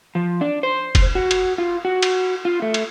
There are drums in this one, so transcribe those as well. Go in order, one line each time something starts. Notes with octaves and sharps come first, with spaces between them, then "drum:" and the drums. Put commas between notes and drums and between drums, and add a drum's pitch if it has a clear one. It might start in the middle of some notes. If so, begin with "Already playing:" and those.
F3
D4
C5
drum: kick F1, cymbal
F#4
drum: cymbal
F4
F#4
drum: cymbal
F4
A3
drum: cymbal